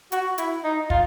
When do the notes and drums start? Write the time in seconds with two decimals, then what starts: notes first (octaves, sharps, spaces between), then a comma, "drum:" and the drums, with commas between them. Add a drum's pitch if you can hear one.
0.12 F#4, drum: hi-hat
0.38 E4, drum: hi-hat
0.64 D#4
0.90 F4, drum: kick